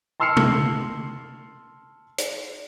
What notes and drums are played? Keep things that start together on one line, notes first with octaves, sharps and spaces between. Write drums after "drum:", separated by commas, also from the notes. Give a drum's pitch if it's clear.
A5 C6 E6 F6 C7 C#7
drum: tom
drum: hi-hat